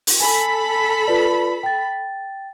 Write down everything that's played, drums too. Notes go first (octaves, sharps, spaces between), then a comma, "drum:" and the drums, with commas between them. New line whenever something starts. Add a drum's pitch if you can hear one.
drum: open hi-hat
A4 G#5 B5
F4 B4 D5
G5 A6